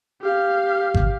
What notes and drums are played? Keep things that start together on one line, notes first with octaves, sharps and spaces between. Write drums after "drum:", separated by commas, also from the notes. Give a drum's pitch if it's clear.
G4 F5
drum: kick G#1